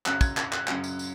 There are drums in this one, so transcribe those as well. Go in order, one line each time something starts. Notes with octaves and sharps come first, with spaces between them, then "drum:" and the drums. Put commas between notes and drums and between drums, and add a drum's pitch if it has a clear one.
F#2 C#3 F#3 F#6, drum: clap
G#6, drum: kick, tambourine
G#6, drum: clap
F#6, drum: clap
F#2 C#3 F#3, drum: clap
drum: tambourine
drum: tambourine